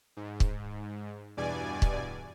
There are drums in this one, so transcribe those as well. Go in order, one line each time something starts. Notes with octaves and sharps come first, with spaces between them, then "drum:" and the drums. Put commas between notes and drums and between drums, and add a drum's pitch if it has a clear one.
G#2
drum: kick
E2 G2 B2 D5 G#5
drum: kick